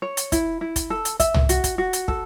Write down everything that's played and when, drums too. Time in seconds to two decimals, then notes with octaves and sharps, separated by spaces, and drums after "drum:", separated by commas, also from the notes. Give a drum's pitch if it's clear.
0.02 C#5
0.17 drum: hi-hat
0.32 E4, drum: kick, hi-hat
0.61 E4
0.76 drum: kick, hi-hat
0.90 A4
1.05 drum: hi-hat
1.20 E5, drum: kick, hi-hat
1.34 drum: tom
1.49 F#4, drum: hi-hat
1.64 drum: kick, hi-hat
1.78 F#4
1.93 drum: hi-hat
2.08 A4, drum: kick